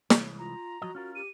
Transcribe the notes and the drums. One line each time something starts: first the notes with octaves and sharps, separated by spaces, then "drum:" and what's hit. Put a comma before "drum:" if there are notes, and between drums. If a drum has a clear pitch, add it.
C2 E3 G#3, drum: snare
F4 A#5
F3 F#3 F#4 D#5
C#4 F4 A#4
G4 D#7